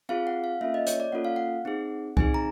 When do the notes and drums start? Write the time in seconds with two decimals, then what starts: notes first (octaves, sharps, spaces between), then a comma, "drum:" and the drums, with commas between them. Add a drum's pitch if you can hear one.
0.09 C4 F4 G#4 F5
0.27 F#5
0.44 F5
0.61 A#3 C#4 F4 A4 E5
0.74 D#5
0.87 C#5, drum: hi-hat
1.00 D5
1.12 A#3 C#4 F4 A4 F#5
1.25 F5
1.36 F#5
1.65 C4 D#4 G#4
2.17 C4 D#4 G#4 G#5, drum: kick C2
2.34 A#5